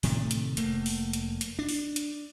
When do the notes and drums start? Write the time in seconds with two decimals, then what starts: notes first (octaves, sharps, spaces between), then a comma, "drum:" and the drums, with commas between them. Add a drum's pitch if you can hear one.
0.03 A2 C3 D#3 A3, drum: open hi-hat
0.31 drum: hi-hat
0.57 F1 A3 A#3, drum: hi-hat
0.86 drum: open hi-hat
1.13 drum: hi-hat
1.41 drum: hi-hat
1.59 D4
1.69 drum: open hi-hat
1.96 drum: hi-hat